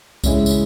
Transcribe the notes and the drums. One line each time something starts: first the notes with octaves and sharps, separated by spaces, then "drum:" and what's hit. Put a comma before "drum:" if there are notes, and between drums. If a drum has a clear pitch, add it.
C#3 G#3 C#4 E4 G#4, drum: kick C2, tambourine
drum: tambourine